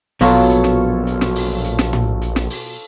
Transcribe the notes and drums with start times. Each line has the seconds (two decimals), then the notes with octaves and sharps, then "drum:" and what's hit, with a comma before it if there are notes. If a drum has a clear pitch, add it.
0.21 A#1 B2 F#3 B3 F4 A4 C#5, drum: open hi-hat
0.50 drum: hi-hat
0.64 drum: snare
1.07 drum: hi-hat
1.21 drum: snare
1.36 drum: open hi-hat
1.64 drum: hi-hat
1.79 drum: snare
1.93 drum: tom
2.22 drum: hi-hat
2.36 drum: snare
2.50 drum: open hi-hat